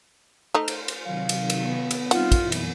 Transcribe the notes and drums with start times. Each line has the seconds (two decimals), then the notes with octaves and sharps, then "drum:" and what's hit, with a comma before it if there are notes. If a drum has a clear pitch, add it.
0.54 A3 D#4 C5 F6
0.68 drum: cymbal
0.88 drum: cymbal
1.05 C3 D#3 F#3 F5
1.29 drum: cymbal
1.50 drum: cymbal
1.63 B3
1.91 drum: cymbal
2.11 G3 C4 D#4 F4 F#5, drum: cymbal
2.32 drum: kick, cymbal
2.42 F#2 B2 E3 E4
2.52 drum: cymbal